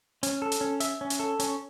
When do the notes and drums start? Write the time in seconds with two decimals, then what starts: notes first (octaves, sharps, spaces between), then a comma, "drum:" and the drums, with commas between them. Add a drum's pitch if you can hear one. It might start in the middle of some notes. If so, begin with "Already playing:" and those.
0.23 C#4, drum: hi-hat
0.42 A4
0.52 drum: hi-hat
0.61 C#4
0.80 E5, drum: hi-hat
1.01 C#4
1.10 drum: hi-hat
1.20 A4
1.40 C#4, drum: hi-hat